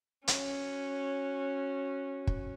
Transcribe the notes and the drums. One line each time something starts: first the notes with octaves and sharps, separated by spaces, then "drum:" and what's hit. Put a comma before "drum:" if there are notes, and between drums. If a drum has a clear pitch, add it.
C#4 F#4, drum: hi-hat
drum: kick